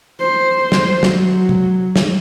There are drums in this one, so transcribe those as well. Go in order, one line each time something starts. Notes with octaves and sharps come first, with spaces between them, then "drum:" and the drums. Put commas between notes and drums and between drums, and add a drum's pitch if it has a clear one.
C5
drum: snare
F#3, drum: snare
drum: tom
drum: snare